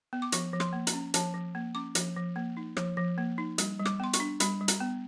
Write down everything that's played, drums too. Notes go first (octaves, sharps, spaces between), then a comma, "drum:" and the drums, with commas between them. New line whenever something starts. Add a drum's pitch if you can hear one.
B3
D6
F3 C#6, drum: hi-hat
F3
C6, drum: rim click
A#3
A#5, drum: hi-hat
C#4
F3 A5, drum: hi-hat
F3
A#3
C#4 D6
F3, drum: hi-hat
F3
A#3
D#4
F3, drum: rim click
F3
A#3
D#4
G3, drum: hi-hat
G3
D6, drum: rim click
B3 C6
C#6, drum: hi-hat
D4
G3 B5, drum: hi-hat
G3
A#5, drum: hi-hat
B3